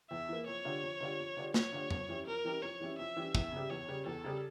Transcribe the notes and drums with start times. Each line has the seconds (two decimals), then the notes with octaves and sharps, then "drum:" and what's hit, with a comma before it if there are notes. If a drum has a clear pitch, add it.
0.10 E2 E5
0.29 E3 A#3
0.47 F2 C#5
0.65 D3 G3 D4 F4
0.83 F2
1.00 D3 G3 D4 F4
1.19 F2
1.37 D3 G3 D4 F4
1.54 F2 C#5, drum: snare
1.72 D3 G3 D4 F4
1.91 F2, drum: tom F2
2.08 E3 G3 C#4 E4
2.27 F2 A#4
2.45 E3 G3 C#4 E4
2.62 F2 C#5
2.80 E3 G3 C#4 E4
2.98 F2 E5
3.16 E3 G3 C#4 E4
3.35 E2 E5, drum: kick
3.52 C#3 G3
3.70 E2 C#5
3.88 C#3 G3
4.06 E2 A4
4.24 C#3 G3